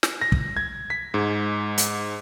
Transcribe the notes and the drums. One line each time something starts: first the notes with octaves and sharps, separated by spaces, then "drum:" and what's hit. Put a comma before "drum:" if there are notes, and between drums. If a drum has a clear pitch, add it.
drum: snare
A#6
drum: kick
G#6
B6
G#2
drum: hi-hat